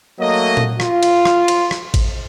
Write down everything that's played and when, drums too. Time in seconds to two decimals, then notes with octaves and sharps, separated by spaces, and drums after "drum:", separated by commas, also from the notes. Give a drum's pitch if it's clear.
0.20 F#3 A3 A#3 D#5
0.57 drum: tom A#2
0.80 F4, drum: rim click
1.03 drum: cymbal
1.25 drum: rim click
1.48 drum: cymbal
1.71 drum: rim click
1.94 drum: kick G#1, cymbal